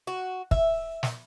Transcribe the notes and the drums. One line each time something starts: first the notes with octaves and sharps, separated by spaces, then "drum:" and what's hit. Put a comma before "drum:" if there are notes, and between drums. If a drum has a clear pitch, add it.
F#4
E5, drum: kick
drum: snare